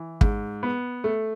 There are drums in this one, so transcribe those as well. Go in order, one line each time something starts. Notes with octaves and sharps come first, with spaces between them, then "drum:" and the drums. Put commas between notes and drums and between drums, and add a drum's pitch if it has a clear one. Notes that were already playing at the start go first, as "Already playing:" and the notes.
Already playing: E3
G#2, drum: kick
B3
A3